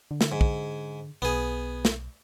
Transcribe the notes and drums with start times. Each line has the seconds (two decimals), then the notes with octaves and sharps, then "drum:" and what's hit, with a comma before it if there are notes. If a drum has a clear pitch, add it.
0.11 D3
0.21 drum: snare
0.32 G#2
0.41 drum: kick
1.22 B1 B3 G#4
1.85 drum: snare